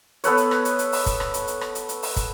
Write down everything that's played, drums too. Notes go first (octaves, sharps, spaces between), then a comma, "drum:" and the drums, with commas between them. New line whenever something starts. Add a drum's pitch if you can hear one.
B3 A4 B4 C#5, drum: hi-hat
drum: hi-hat
drum: rim click
drum: hi-hat
drum: hi-hat
drum: open hi-hat
drum: kick, hi-hat
drum: rim click
drum: hi-hat
drum: hi-hat
drum: rim click
drum: hi-hat
drum: hi-hat
drum: open hi-hat
drum: kick, hi-hat